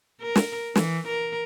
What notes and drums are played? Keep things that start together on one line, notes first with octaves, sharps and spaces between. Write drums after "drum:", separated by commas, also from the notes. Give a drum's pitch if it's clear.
A#4
drum: snare
E3, drum: snare
A#4